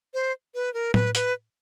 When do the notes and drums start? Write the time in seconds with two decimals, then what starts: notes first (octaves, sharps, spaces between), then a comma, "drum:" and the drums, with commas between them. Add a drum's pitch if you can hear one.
0.14 C5
0.55 B4
0.74 A#4
0.94 B4, drum: tom A2
1.15 B4, drum: hi-hat